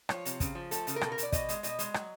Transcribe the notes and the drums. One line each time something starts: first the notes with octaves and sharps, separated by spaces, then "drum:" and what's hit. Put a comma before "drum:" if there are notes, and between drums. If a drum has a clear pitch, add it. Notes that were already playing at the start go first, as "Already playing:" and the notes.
F3 C#5, drum: rim click
C3, drum: hi-hat
C#3, drum: kick, hi-hat
F3
A3 A4, drum: hi-hat
C#3, drum: hi-hat
A#4
B2 A4, drum: rim click
A#4
B2 D5, drum: hi-hat
B2 D#5, drum: kick, hi-hat
G#3, drum: hi-hat
B2 D#5, drum: hi-hat
G#3, drum: hi-hat
F#3, drum: rim click